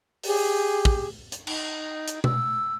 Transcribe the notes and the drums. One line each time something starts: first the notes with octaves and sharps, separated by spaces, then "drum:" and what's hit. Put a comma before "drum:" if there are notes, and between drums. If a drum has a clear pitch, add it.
G4 G#4, drum: open hi-hat
drum: kick
drum: hi-hat
D#4, drum: cymbal
drum: hi-hat
E6, drum: tom B2